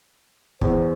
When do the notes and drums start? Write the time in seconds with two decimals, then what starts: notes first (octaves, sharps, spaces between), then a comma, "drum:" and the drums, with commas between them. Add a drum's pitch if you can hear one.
0.61 E2 C5, drum: kick